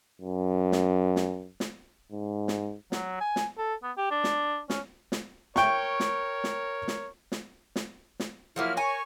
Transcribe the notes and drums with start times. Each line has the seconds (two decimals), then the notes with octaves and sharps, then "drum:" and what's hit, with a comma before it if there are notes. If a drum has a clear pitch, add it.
0.21 F#2
0.72 drum: snare
1.16 drum: snare
1.60 drum: snare
2.12 G#2
2.48 drum: snare
2.92 F#3, drum: snare
3.21 G#5
3.36 drum: snare
3.58 A4
3.83 B3
3.97 G4
4.11 D4
4.24 drum: snare
4.70 C#4, drum: snare
5.12 drum: snare
5.56 A#4 C#5 G5 C#6, drum: snare
6.00 drum: snare
6.44 drum: snare
6.88 drum: snare
7.32 drum: snare
7.76 drum: snare
8.20 drum: snare
8.56 F3 F#3 A#3 E4 F6
8.77 A#4 C#5 G#5 C#6